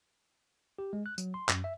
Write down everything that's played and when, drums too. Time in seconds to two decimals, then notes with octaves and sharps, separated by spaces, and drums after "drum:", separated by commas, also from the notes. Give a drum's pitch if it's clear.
0.79 G4
0.93 G#3
1.06 F#6
1.18 F#3, drum: tambourine
1.34 C6
1.49 F#2, drum: clap
1.64 E5